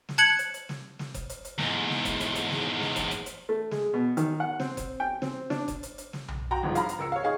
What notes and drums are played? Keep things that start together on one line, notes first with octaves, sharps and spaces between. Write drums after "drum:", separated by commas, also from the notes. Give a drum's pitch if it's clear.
drum: snare
A5 F#6 G#6 C#7 F#7
drum: hi-hat
drum: hi-hat
drum: snare
drum: snare
drum: kick F#1, hi-hat
drum: hi-hat
drum: hi-hat
E2 G#2, drum: snare
drum: snare
drum: kick F#1, hi-hat
drum: hi-hat
drum: hi-hat
drum: snare
drum: snare
drum: kick F#1, hi-hat
drum: hi-hat
drum: hi-hat
A3
G#3, drum: snare
B2
D#3, drum: hi-hat
F#5
C4, drum: snare
drum: kick F#1, hi-hat
G5
C4, drum: snare
D4, drum: snare
drum: kick F#1, hi-hat
drum: hi-hat
drum: hi-hat
drum: snare
drum: tom B1
F#4 F#5 G5 A#5
G1 G#2 F3
F5 A#5 B5, drum: hi-hat
drum: hi-hat
C#2 A#4 E6 C#7
C#5 F5
D#4 G#4 F5 C#6